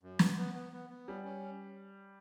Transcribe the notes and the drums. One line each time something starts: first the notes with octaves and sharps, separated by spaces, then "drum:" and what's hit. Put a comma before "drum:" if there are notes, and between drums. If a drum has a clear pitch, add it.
F#2
B3, drum: snare
B3
B3
B3
B3
G3 C#4
C#4